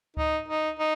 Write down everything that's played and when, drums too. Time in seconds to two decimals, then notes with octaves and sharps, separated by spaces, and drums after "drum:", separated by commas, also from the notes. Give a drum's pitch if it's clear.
0.17 D#4, drum: kick C#2
0.49 D#4
0.80 D#4